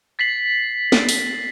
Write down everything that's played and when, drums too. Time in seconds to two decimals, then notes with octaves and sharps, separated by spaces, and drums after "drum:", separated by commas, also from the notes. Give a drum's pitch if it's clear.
0.19 A6 B6 C7 F#7
0.92 drum: snare
1.09 drum: open hi-hat